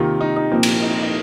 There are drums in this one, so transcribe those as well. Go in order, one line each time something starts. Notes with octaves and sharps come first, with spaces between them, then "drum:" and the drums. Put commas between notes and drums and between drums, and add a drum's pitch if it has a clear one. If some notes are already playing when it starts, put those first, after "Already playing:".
Already playing: C3 D#3 A#3 F4
D#4
D#4
A#2 F3 A#3 C4
drum: cymbal
D#4
D#4